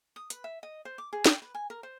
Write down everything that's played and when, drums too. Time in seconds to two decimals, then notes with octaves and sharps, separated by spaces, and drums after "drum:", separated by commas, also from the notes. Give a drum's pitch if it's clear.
0.16 D#6
0.30 B4, drum: hi-hat
0.44 E5
0.63 D#5
0.85 C5
0.98 D6
1.13 G#4
1.26 G5, drum: snare
1.42 B4
1.54 G#5
1.70 A#4
1.83 C5